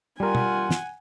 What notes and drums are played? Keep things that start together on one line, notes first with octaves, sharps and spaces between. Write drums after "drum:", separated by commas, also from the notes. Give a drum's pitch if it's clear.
G3 F4 A#4 F#5 G#5
drum: tom
drum: snare